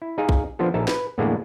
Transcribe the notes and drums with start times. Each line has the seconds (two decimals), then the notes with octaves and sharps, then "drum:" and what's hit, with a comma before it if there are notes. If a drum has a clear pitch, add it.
0.02 E4
0.18 D#4 G#4 F5
0.29 drum: kick A#1
0.59 F3 B3 D4 F4 A4
0.74 A#1 D#4 A4 A#4 E5 A5
0.88 B4, drum: snare
1.18 E2 A2 D3 G#3 A#3 D4